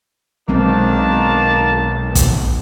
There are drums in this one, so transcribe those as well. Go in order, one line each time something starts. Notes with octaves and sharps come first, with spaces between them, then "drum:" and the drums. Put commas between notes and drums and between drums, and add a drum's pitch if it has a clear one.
B1 D#3 F#3 G#3 A#3 C4 D4 A5
drum: kick, hi-hat